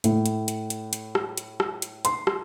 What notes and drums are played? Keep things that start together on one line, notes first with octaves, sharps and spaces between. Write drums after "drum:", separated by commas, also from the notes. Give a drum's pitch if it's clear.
A2, drum: hi-hat
drum: hi-hat
drum: hi-hat
drum: hi-hat
drum: hi-hat
drum: rim click
drum: hi-hat
drum: rim click
drum: hi-hat
C6, drum: hi-hat
drum: rim click